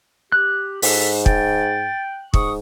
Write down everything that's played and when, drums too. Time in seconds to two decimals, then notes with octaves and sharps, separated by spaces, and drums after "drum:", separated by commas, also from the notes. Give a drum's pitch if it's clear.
0.32 G4 F#6
0.82 G#2 A4 B6, drum: open hi-hat
1.26 G5 A6, drum: kick
2.34 G#2 C#6 D#6, drum: kick